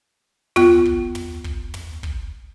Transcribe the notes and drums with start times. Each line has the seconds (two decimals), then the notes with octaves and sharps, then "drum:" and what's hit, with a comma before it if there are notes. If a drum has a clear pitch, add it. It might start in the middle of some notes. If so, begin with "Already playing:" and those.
0.56 B3 F4, drum: tom
0.85 drum: kick
1.15 drum: tom
1.44 drum: kick
1.74 drum: tom
2.03 drum: kick